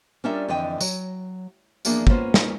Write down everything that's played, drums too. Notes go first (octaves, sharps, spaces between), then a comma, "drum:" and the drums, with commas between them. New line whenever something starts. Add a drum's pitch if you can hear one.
G3 C#4 D4 F4 A#4 E5
F2 D3 E3 D#5 G5
F#3, drum: tambourine
E2 F3 A#3 D4 G#4, drum: tambourine
A#3 B3 C#4 D#4 F4 C5, drum: kick
drum: snare